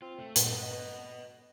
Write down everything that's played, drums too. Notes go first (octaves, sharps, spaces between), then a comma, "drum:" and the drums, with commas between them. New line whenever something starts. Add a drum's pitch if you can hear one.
C4 F4
A3
G2 A#2 B3, drum: hi-hat
B4 D#5